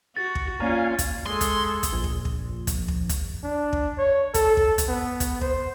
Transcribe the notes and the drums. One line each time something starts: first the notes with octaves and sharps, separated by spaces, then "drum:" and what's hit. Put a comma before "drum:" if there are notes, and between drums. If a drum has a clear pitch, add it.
F#4 A6
drum: kick
A#3 C#4 F4 D5 F5 G#5 A#5
drum: kick, hi-hat
G#3 A4 C6
drum: kick, hi-hat
drum: kick, hi-hat
A#1
drum: kick
drum: kick
drum: kick, hi-hat
drum: kick
drum: kick, hi-hat
D4
drum: kick
C#5
A4, drum: kick, hi-hat
drum: kick
drum: kick, hi-hat
B3
drum: kick, hi-hat
C5, drum: kick